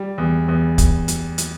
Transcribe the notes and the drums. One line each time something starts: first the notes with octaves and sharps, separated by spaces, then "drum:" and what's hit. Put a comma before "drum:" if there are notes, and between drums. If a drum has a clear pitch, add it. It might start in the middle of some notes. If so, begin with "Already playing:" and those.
Already playing: G3
E2
E2
drum: kick, hi-hat
drum: hi-hat
drum: hi-hat